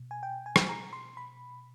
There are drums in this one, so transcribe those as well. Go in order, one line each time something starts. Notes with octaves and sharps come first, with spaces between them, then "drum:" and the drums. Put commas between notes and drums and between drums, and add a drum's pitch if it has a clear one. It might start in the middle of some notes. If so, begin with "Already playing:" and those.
Already playing: B2
G#5
G5
G#5
drum: rim click
A#5
C6
B5